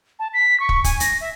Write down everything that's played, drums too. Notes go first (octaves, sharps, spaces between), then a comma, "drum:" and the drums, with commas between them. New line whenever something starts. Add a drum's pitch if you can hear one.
A5
B6
C#6
drum: kick
G#5, drum: kick, hi-hat
A#6, drum: hi-hat
E5